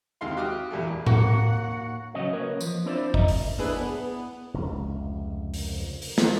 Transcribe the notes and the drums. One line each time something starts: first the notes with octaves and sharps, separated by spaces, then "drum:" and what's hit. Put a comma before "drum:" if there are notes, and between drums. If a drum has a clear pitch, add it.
D#2 C3 G#3 F5 C6
F#4 G4 D6 D#6 F6
E2 A#2 G3 A3
D#2 A#3 F#4 F#5, drum: tom A2
C#3 F#3 C#4 D#5
A#3 A#4 B4 C#5
F3, drum: tambourine
C4 D4 E4 F4 C5 D5
D#5 E5 A#5, drum: kick
drum: open hi-hat
D4 E4 G#4 B4
B3
F1 C#2
drum: open hi-hat
drum: open hi-hat
drum: snare